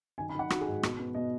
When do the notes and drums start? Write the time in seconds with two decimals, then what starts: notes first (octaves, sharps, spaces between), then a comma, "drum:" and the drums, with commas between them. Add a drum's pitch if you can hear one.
0.18 D#3 G#5
0.29 B5
0.35 D#3 F#5
0.50 D#4 F#4, drum: rim click
0.61 G#4
0.67 G#2
0.83 B2, drum: rim click
0.99 B3
1.15 B2 D#5